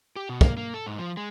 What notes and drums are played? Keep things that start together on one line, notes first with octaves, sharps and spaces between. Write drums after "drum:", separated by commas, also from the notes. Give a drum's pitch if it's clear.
G4
B2
A#3, drum: kick
A#3
A4
G#2
F3
G#3